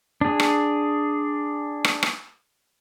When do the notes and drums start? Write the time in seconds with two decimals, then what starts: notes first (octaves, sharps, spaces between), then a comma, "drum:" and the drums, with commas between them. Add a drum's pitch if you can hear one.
0.21 D4 G#4
0.40 drum: rim click
1.84 drum: rim click
2.03 drum: rim click